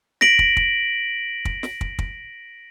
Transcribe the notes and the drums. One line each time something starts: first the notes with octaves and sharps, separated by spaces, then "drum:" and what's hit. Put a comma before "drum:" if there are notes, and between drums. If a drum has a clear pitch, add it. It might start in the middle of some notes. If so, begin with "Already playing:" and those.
A#6 B6 D7 F#7, drum: snare
drum: kick
drum: kick
drum: kick
drum: snare
drum: kick
drum: kick